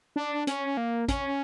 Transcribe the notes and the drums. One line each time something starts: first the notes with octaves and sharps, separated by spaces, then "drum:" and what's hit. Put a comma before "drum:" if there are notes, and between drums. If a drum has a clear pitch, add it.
D4
C#4, drum: hi-hat
A#3
C#4, drum: kick, hi-hat